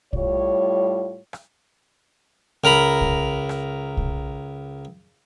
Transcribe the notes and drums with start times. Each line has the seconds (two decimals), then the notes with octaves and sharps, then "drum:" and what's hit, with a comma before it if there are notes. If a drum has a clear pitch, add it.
0.13 A2 G3 F4 C#5, drum: kick
1.33 drum: rim click
2.64 C#2 A#4 A#5 B5
3.01 drum: kick
3.49 drum: rim click
3.97 drum: kick